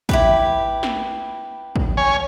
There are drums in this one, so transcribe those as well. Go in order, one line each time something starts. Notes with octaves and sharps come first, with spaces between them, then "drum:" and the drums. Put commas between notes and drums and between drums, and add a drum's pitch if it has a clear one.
E4 G4 B4, drum: kick
drum: snare
drum: kick
C#5 G#5